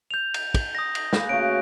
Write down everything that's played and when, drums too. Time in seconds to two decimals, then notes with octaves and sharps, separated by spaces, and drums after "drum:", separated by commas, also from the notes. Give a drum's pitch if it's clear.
0.11 G6 F7
0.34 drum: cymbal
0.54 drum: kick, cymbal
0.75 D#6 A#6
0.95 drum: cymbal
1.13 A#3 G#4 B4, drum: snare
1.29 C#3 A3 F#4 D7